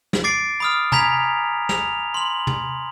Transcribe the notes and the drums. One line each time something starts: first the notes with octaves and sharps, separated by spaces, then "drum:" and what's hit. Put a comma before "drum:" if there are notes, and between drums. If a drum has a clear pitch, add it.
drum: snare
D6 A6 C7 D7
B5 D#6 F6
G#5 A#5 B5 G#6 B6 F7, drum: tom
F7, drum: snare
C6 F#7
drum: tom